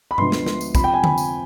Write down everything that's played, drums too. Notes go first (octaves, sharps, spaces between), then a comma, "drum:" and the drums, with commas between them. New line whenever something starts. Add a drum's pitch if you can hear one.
B5
D2 D3 F3 G#3 B3 C6, drum: tom G2
drum: snare
drum: snare
drum: tambourine
F2 C3 F3 B5, drum: kick, tambourine
G5
G#5
B5, drum: tom D3
drum: tambourine